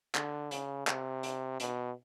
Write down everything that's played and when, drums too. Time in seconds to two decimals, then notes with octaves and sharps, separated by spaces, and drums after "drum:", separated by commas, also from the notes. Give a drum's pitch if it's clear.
0.15 D3, drum: clap
0.51 C#3, drum: hi-hat
0.87 C3, drum: clap
1.23 drum: hi-hat
1.60 B2, drum: hi-hat